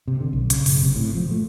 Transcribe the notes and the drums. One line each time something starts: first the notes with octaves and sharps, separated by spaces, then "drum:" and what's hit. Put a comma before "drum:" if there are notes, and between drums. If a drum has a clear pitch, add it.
C3
D3
B1
C#3, drum: hi-hat
F#1, drum: open hi-hat
C3
A2
F3
A3